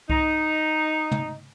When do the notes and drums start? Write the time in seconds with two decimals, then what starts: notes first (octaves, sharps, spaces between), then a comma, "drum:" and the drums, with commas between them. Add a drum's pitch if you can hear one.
0.10 D#4, drum: kick C2
1.11 drum: tom